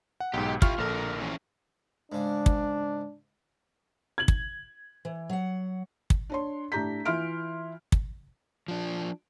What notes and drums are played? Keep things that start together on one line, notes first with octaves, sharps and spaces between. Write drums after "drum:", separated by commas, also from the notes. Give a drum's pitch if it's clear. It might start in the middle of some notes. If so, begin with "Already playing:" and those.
F#5
B1 G#2 G4
E4 F4 G4 C#6 F6, drum: kick
A#1 D3 A4 A#4
E3 C4 C#4
G#2 C#3 D4
drum: kick
G#6 F#7
drum: kick
E3
F#3 F#5
drum: kick
D4 C#5 C6
A2 D4 G4 A#5 G6 B6
E3 E4 F4 C6 F6 D7
drum: kick
F3 D4